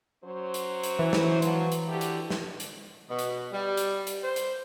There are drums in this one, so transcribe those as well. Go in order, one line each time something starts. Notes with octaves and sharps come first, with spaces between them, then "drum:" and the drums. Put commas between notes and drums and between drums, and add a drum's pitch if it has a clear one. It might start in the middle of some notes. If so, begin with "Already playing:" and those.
F#3 C#4 C5
drum: hi-hat
drum: hi-hat
E3
drum: snare
F3 F#3, drum: hi-hat
drum: hi-hat
D3 F#4 G4
drum: hi-hat
drum: snare
drum: hi-hat
B2
drum: hi-hat
G3
drum: hi-hat
drum: hi-hat
C5
drum: hi-hat